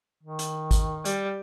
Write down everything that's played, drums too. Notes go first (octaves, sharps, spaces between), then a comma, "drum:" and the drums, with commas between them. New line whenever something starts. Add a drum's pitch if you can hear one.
D#3
drum: hi-hat
drum: kick, hi-hat
G3, drum: hi-hat